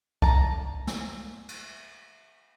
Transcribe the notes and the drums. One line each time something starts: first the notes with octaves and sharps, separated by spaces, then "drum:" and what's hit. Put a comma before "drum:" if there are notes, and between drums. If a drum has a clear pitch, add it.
A5 A#5, drum: kick C2
drum: snare
drum: cymbal